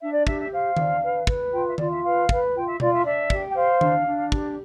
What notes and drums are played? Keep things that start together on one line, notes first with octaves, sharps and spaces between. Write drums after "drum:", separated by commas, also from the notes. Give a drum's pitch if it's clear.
D4 E5
D5
G4 E5, drum: kick
E5
C5 F5
D4, drum: tom D#3
B4
B4, drum: kick
F4 G5
E5
F4 D5, drum: tom D#3
E5
B4 F5
B4, drum: kick
F4 G5
E5
F4 D5, drum: tom B2
E5
D4 E5
G4, drum: kick
G5
C5 F5
D4, drum: tom D#3
D4
G4, drum: kick